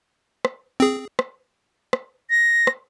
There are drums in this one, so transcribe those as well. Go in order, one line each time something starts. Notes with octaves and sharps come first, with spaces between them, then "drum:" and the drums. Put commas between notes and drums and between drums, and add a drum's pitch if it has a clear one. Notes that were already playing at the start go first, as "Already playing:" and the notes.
drum: rim click
C4 G#4
drum: rim click
drum: rim click
A#6
drum: rim click